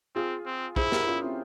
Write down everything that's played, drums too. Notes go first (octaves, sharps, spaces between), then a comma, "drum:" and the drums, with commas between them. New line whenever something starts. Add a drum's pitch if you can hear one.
C4 F4 G#4
C4
E4 G#4 C5, drum: kick
G4 A#4, drum: snare
C#4 F4
C4 E4